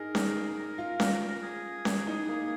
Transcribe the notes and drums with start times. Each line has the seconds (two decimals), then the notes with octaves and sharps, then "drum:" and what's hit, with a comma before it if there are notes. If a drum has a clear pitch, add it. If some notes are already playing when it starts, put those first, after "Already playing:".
Already playing: D#4 G#4 A#4
0.15 G#4, drum: snare C#4
0.78 F4
1.00 drum: snare C#4
1.42 G#4
1.85 drum: snare C#4
2.07 D#4
2.28 A#3